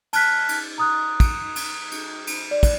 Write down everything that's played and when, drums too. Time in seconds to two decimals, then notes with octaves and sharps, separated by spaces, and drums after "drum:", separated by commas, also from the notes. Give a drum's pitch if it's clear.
0.13 A5 F6 F#6 B6, drum: cymbal
0.49 drum: cymbal
0.78 A#5 D#6 F#6
1.20 drum: kick, cymbal
1.56 drum: cymbal
1.91 drum: cymbal
2.27 drum: cymbal
2.51 D5
2.63 drum: kick, cymbal